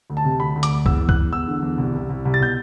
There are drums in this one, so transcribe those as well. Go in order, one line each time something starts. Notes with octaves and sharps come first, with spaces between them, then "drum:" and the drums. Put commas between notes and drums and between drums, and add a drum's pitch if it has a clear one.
D2
A5
C3
D2 B5
D2
D6, drum: hi-hat
D2
E2 E6, drum: kick C#2
E2
F#6, drum: kick C#2
E2
E2 E6
D3
E2
C2
C2
C2
C2
A6
B2 G6